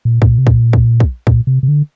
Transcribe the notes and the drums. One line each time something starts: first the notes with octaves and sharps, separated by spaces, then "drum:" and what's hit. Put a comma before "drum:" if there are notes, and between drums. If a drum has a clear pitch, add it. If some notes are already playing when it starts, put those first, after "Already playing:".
A#2
A2, drum: kick
A#2
C3
A#2, drum: kick
drum: kick
drum: kick
A#2, drum: kick
C3
C3
D3